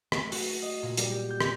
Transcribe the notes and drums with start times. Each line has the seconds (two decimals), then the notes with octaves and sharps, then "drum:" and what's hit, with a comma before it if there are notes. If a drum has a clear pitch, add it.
0.12 A3, drum: rim click
0.32 F#4, drum: open hi-hat
0.46 B6
0.62 D#5
0.83 A#2
0.97 G3, drum: hi-hat
1.10 G4
1.30 G6
1.40 drum: rim click